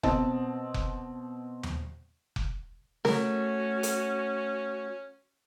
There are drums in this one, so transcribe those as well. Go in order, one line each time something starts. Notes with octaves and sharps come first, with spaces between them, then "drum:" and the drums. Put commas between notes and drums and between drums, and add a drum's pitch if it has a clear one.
B2 C4 D#5 A5, drum: kick F1
drum: kick F1
drum: tom D#2
drum: kick F1
A3 C#4 F#4 A#4, drum: snare
drum: hi-hat